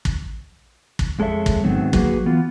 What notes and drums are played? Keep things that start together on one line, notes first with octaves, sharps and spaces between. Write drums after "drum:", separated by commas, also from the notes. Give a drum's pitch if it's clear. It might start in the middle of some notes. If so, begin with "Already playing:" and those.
drum: kick
drum: kick
F2 G#3 A4 C#5 E5
drum: kick
G#2 D#3 F#3 B3 C4
F#3 A#3 F#4 G#4 B4, drum: kick
E3 B3 F4